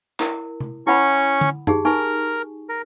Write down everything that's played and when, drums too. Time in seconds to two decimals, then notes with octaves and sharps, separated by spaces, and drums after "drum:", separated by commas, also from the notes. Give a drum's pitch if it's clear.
0.20 E4 A#4, drum: clap
0.60 drum: tom C3
0.87 C#4 E4 F#5 B5 C#6
1.41 drum: tom D3
1.67 D#4 G4 G#4, drum: tom F#2
1.85 D#4 A#4 G#5 C#6
2.69 A#4